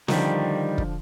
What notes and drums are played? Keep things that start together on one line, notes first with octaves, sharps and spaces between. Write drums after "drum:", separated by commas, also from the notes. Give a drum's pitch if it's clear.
D3 D#3 F3 G3, drum: snare
drum: kick